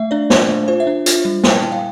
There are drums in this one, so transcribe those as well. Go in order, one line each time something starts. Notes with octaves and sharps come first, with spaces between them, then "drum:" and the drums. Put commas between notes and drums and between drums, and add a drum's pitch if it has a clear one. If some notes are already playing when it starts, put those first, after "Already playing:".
Already playing: A3 E5
D4 D5
D4 C5, drum: snare
A3
F4 C5
E5
D4
F4, drum: hi-hat
G3
E4 G5, drum: snare
A5
E4 G5
F5